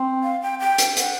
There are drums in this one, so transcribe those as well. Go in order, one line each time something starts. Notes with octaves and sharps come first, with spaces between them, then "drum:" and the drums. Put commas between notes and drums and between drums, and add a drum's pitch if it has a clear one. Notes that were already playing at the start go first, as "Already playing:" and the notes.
Already playing: C4
F5
G5
G5
drum: hi-hat
F#5, drum: hi-hat